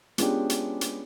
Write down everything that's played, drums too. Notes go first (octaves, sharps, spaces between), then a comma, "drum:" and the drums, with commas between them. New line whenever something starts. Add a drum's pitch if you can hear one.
G#3 B3 C#4 D4 F4 G4, drum: hi-hat
drum: hi-hat
drum: hi-hat